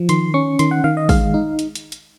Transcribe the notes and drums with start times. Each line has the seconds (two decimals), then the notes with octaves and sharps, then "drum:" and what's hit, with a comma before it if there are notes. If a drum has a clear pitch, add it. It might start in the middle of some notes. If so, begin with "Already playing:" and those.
Already playing: F3
0.09 D#3 C6, drum: hi-hat
0.34 C#4 C#6
0.59 D#3 C6, drum: hi-hat
0.71 F#5
0.84 D#3 F5
0.97 D#5
1.09 G#3 F5, drum: kick, open hi-hat
1.34 D#4
1.59 drum: hi-hat
1.75 drum: hi-hat
1.92 drum: hi-hat